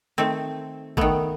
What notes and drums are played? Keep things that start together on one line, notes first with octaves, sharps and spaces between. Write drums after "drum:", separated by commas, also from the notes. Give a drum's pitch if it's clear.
D#3 A3 C4
D#3 A3 B3, drum: kick G#1